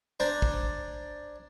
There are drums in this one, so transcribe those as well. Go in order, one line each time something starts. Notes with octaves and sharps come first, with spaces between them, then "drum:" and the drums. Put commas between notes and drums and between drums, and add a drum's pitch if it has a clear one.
D4 C5 D5 G#5 A#5
drum: kick